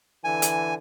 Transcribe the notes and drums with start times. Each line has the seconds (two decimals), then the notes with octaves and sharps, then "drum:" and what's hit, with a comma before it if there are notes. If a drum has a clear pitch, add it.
0.24 D3 E3 G#5
0.42 drum: hi-hat